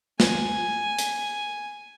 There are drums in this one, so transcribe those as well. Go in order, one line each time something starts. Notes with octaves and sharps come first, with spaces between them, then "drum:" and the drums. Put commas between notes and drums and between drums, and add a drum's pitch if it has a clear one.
G#5, drum: snare
drum: hi-hat